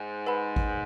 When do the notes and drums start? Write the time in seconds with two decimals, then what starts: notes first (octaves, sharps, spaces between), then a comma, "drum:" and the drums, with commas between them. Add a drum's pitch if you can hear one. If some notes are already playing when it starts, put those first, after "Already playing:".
Already playing: G#2
0.27 B4 F#5 B5
0.56 drum: kick G#1